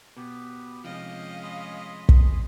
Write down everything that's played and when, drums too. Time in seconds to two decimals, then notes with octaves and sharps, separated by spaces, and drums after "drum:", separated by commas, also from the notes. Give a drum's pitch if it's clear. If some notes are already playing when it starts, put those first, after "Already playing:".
0.17 B2 B3 G4 B4
0.84 C3 F3 G#3 C#4 D#5 F5 G5
1.43 G#4 B5 C6
2.09 drum: kick